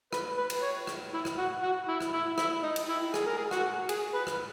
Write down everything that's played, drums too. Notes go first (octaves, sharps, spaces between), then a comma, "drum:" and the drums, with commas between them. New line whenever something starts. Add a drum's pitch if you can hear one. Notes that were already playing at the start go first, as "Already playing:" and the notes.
B4, drum: rim click
B4
drum: cymbal
C#5
drum: rim click
E4
drum: rim click
F#4
F#4
E4
drum: rim click
E4
E4, drum: rim click
D#4
drum: cymbal
E4
G#4, drum: rim click
A#4
G#4
F#4, drum: rim click
G#4, drum: cymbal
B4
drum: rim click